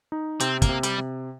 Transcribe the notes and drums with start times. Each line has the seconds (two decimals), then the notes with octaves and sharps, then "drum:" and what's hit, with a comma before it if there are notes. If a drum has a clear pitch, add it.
0.12 D#4
0.40 C3 C4, drum: hi-hat
0.62 A#3, drum: kick, hi-hat
0.69 C3
0.83 G3, drum: hi-hat
0.98 C3